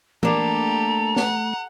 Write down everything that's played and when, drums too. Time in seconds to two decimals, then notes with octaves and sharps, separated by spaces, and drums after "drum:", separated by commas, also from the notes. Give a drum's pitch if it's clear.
0.23 A3 A#3 D4 G4 A4 A#5, drum: tom E3
1.16 F#5, drum: snare